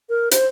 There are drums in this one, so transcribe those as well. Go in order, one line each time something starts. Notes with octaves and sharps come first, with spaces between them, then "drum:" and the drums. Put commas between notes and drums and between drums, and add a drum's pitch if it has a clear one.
A#4
C5, drum: hi-hat